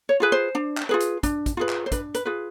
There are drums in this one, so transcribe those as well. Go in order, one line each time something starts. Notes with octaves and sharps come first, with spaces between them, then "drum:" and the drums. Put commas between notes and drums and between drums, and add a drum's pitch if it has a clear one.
C#5
F4 G#4 B4
C5
D4
drum: clap
F4 G#4 B4
drum: hi-hat
D4, drum: kick, hi-hat
drum: kick, hi-hat
F4 G#4 B4
drum: clap
C5
D4 B4, drum: kick, hi-hat
B4, drum: hi-hat
F4 G#4 B4